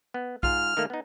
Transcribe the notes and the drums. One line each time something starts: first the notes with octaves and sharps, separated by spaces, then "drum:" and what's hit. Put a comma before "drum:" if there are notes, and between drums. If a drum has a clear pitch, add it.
B3
G#2 F4 F6, drum: kick B1
D#3 A3 A#3
B3 D#4